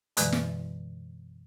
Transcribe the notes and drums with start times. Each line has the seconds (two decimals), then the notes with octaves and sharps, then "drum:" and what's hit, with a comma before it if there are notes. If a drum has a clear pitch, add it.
0.17 F#2 B2 D3 E3 G#3, drum: hi-hat
0.32 drum: snare